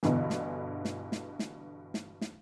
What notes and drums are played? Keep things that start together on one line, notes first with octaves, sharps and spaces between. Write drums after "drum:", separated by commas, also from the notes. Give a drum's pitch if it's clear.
G1 G2 B2 D3 E3, drum: snare
drum: snare
drum: snare
drum: snare
drum: snare
drum: snare
drum: snare